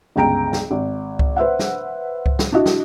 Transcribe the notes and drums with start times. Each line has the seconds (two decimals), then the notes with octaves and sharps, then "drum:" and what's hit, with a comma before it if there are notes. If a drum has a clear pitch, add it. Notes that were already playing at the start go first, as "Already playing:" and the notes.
0.16 G1 C#2 G5 A#5 D7
0.53 drum: snare
0.71 G#1
1.19 drum: kick C#2
1.36 B4 C5 E5 F#5
1.59 drum: snare
2.26 drum: kick C#2
2.39 drum: snare
2.52 D4 E4 F#4 D#5
2.66 drum: snare